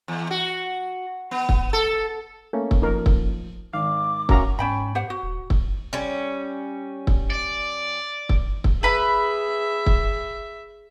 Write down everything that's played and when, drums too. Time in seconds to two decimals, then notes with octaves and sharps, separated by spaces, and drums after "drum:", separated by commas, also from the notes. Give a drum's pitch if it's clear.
0.08 E2
0.31 F#4
1.31 B3
1.49 drum: kick
1.73 A4
2.53 A3 A#3 C#4
2.71 drum: kick
2.82 F3 D#4 A#4
3.06 drum: kick
3.73 G#1 F5 D6
4.29 C#4 F#4 A#4 E5 F5 A#5, drum: kick
4.59 G#2 C#4 G5 B5
4.95 G4 C5 F#5
5.10 F#4
5.23 D#1
5.50 drum: kick
5.93 G3 C#4
7.07 drum: kick
7.30 D5
8.29 drum: kick
8.64 drum: kick
8.83 G#4 B4 E5 B5
9.86 drum: kick